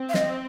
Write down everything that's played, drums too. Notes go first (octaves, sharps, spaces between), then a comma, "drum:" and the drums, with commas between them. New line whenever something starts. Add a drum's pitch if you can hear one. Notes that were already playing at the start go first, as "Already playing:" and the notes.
Already playing: C4
F5
D#5, drum: snare